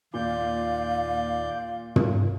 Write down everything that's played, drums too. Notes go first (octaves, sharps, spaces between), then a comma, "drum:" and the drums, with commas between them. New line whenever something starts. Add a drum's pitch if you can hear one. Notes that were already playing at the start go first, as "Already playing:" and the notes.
D#2 A#2 D5 F5 G6
drum: tom